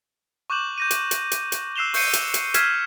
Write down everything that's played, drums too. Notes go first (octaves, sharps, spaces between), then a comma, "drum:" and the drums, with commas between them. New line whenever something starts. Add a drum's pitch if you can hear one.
C#6 D6 F#6 G6 E7 F#7
G6 A#6 D#7
drum: hi-hat
drum: hi-hat
drum: hi-hat
drum: hi-hat
E6 F#6 C7 E7 F7 G7
C#6 G6 C7 C#7 D#7, drum: open hi-hat
drum: hi-hat
drum: hi-hat
E6 F6 G#6 B6 C7 E7, drum: hi-hat